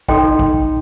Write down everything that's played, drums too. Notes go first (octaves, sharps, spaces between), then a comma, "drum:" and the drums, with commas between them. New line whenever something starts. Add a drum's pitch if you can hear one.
D#4 A4 D#5 G5 C6, drum: kick
drum: kick